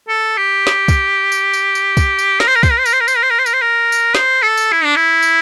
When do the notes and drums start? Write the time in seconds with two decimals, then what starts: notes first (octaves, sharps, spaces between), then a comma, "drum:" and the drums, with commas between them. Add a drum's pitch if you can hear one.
0.08 A4
0.37 G4
0.67 drum: snare
0.88 drum: kick, tambourine
1.32 drum: tambourine
1.53 drum: tambourine
1.75 drum: tambourine
1.97 drum: kick, tambourine
2.19 drum: tambourine
2.40 A#4, drum: snare
2.47 C5
2.55 A#4
2.63 C5, drum: kick, tambourine
2.71 A#4
2.78 C5
2.86 A#4, drum: tambourine
2.93 C5
3.01 A#4
3.08 C5, drum: tambourine
3.16 A#4
3.23 C5
3.30 A#4
3.39 C5
3.46 A#4, drum: tambourine
3.53 C5
3.62 A#4
3.92 drum: tambourine
4.15 C5, drum: snare
4.43 A4
4.57 drum: tambourine
4.72 E4
4.84 D4
4.96 E4
5.22 drum: tambourine